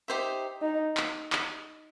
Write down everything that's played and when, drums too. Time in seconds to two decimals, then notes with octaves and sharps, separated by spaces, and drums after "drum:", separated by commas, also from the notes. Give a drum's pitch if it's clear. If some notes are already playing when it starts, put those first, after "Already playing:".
0.08 D#4 G4 C5 E5
0.62 D#4
0.97 drum: clap
1.33 drum: clap